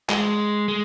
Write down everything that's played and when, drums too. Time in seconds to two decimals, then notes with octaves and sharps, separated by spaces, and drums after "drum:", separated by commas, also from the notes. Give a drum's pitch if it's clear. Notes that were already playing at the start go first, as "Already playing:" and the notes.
0.10 G#3, drum: clap
0.68 G#3